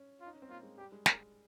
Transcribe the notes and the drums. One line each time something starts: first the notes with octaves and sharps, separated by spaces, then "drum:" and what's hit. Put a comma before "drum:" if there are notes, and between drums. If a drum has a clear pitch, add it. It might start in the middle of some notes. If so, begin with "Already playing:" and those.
Already playing: C#4
F4
D#4
C#4
C4
A#3 F4
G#3
G3 G4
G#3
G#3 A#4, drum: snare